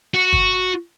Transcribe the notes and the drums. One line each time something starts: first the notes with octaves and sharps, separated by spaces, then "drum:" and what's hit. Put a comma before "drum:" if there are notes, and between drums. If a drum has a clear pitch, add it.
F#4
drum: kick